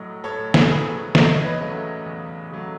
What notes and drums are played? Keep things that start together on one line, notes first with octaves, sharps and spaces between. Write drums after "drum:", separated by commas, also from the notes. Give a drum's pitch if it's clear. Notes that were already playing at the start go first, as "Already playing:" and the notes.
Already playing: A2 F#3 A3 D#5
A2 A4 C#5
drum: snare
F#3 A3 G#4 B4
E2 E5, drum: snare
D#5
C#5
B4 D#5
C#3 F#3 A3
E2
C#3 F#3 A3